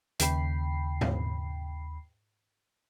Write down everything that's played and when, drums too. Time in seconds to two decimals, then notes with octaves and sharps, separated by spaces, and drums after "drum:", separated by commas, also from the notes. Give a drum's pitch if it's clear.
0.20 D#2 C#3 G5 B5 C7, drum: hi-hat
1.01 drum: tom G#2